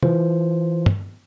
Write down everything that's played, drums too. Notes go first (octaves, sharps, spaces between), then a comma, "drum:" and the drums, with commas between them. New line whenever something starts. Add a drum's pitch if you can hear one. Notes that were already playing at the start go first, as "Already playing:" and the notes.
E3 F4 C5, drum: tom
drum: tom